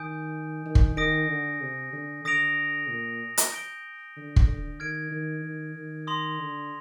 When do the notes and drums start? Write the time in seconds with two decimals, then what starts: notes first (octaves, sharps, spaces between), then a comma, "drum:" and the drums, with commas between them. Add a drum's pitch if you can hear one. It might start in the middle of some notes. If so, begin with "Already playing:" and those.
Already playing: D#3 G#5 D#6 G6 D7
0.66 D#3
0.75 drum: kick
0.97 D#3 D#6 A#6 D7
1.29 D3
1.61 C3
1.93 D3
2.24 D3 D#6 A#6 D7 F7
2.89 A#2
3.37 drum: hi-hat
3.52 G6 D7 G7
4.16 D3
4.36 drum: kick
4.47 D3
4.80 D#3 F6 G#6 D7
5.11 D#3
5.44 D#3
5.76 D#3
6.07 C6 D#6 A#6 F7
6.39 D3